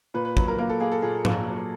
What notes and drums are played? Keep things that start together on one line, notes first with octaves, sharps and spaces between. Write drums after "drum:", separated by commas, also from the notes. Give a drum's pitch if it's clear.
A#2 B4
B4
F#3 B4, drum: kick
A#4
A#3 A#4
A4
A#3 G#4
A4
A#2 G#4
A#3, drum: tom G#2
F#3